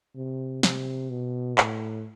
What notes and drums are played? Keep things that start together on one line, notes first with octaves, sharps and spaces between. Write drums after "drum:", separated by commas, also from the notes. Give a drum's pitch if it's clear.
C3
C3, drum: snare
B2
A2, drum: clap